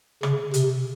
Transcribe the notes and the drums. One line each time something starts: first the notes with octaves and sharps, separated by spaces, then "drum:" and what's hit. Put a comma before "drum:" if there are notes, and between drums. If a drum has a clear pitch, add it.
C#3, drum: rim click
C3, drum: hi-hat